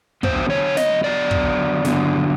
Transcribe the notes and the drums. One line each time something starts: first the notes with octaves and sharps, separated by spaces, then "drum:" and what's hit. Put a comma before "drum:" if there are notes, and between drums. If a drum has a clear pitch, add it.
D3 F#3 B3 C5, drum: kick
C#5
D#5, drum: snare
D3 F#3 B3 D5
drum: kick
D3 F#3 B3, drum: snare